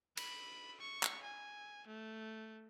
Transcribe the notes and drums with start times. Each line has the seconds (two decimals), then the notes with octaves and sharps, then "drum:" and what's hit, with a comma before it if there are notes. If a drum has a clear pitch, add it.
0.17 B5, drum: cymbal
0.81 C#6
1.03 drum: clap
1.23 G#5
1.87 A3